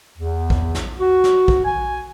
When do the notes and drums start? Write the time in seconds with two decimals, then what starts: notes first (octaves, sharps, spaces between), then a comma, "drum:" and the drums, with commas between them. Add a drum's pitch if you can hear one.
0.18 E2
0.50 drum: kick A#1
0.75 drum: snare
0.99 F#4
1.24 drum: snare
1.48 drum: kick A#1
1.65 G#5